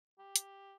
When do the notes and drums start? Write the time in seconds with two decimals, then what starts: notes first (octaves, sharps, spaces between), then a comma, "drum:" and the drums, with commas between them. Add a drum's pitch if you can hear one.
0.18 G4
0.36 drum: hi-hat